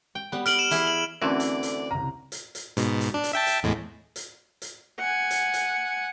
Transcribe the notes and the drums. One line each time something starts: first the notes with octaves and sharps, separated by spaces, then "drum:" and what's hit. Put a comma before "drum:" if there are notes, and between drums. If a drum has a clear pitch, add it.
G5
G3 B3
B3 F6 D7 F#7, drum: hi-hat
E7
E3 E4 G#4, drum: hi-hat
F#7
D2 D3 E3 C4 C#4 A#4 D5
drum: hi-hat
drum: hi-hat
C2 C#3 A#5
drum: hi-hat
drum: hi-hat
G#2 B2, drum: hi-hat
drum: hi-hat
D4
drum: hi-hat
E5 G5 A5
drum: hi-hat
E2 A2 G#3
drum: hi-hat
drum: hi-hat
F#5 G#5
drum: hi-hat
drum: hi-hat